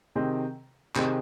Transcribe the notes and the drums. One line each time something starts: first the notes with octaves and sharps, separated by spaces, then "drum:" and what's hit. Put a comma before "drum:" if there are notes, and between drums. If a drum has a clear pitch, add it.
C3 D#3 C4 G#4 D#5
C3 D#3 C4 G#4 D#5, drum: clap